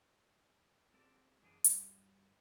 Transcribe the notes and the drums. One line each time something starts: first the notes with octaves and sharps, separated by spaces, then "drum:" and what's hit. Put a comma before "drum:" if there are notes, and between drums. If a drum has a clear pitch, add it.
F#3 G#3 C4 A4 D5
F#2 E3 G#3 D4 G4 G#4
G2 F#4, drum: hi-hat